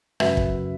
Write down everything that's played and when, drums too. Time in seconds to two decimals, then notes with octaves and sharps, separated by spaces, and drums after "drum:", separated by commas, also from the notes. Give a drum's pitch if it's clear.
0.20 F#2 C#3 F#3 B4 E5, drum: rim click
0.37 drum: kick